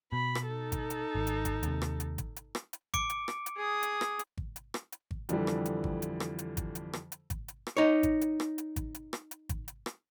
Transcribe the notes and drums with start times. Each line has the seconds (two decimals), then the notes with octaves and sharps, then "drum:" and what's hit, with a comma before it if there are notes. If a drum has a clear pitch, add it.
0.13 B2 B5
0.35 drum: rim click
0.48 D#4 A4
0.72 drum: kick G#1, hi-hat
0.90 drum: hi-hat
1.15 G#1
1.27 drum: hi-hat
1.45 drum: kick G#1, hi-hat
1.63 D#2 C3, drum: hi-hat
1.82 drum: rim click
2.00 drum: hi-hat
2.18 drum: kick G#1, hi-hat
2.36 drum: hi-hat
2.55 drum: rim click
2.73 drum: hi-hat
2.94 D6 C#7 D7, drum: kick G#1, hi-hat
3.10 drum: hi-hat
3.28 drum: rim click
3.46 drum: hi-hat
3.56 G#4 D#6
3.83 drum: hi-hat
4.01 drum: rim click
4.19 drum: hi-hat
4.38 drum: kick G#1
4.56 drum: hi-hat
4.74 drum: rim click
4.92 drum: hi-hat
5.11 drum: kick G#1
5.29 F2 D3 E3 G3, drum: hi-hat
5.47 drum: rim click
5.65 drum: hi-hat
5.84 drum: kick G#1
6.02 drum: hi-hat
6.20 drum: rim click
6.39 drum: hi-hat
6.57 drum: kick G#1, hi-hat
6.75 drum: hi-hat
6.93 drum: rim click
7.12 drum: hi-hat
7.30 drum: kick G#1, hi-hat
7.48 drum: hi-hat
7.67 drum: rim click
7.77 D#4 C#5
8.03 drum: kick G#1, hi-hat
8.21 drum: hi-hat
8.40 drum: rim click
8.58 drum: hi-hat
8.76 drum: kick G#1, hi-hat
8.95 drum: hi-hat
9.13 drum: rim click
9.31 drum: hi-hat
9.49 drum: kick G#1, hi-hat
9.68 drum: hi-hat
9.86 drum: rim click